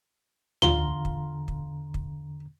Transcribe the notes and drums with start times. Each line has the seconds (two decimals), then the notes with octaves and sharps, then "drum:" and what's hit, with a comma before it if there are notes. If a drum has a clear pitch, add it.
0.62 E2 D3 F4 A#5 G7, drum: tom D2
1.05 drum: kick
1.48 drum: kick
1.94 drum: kick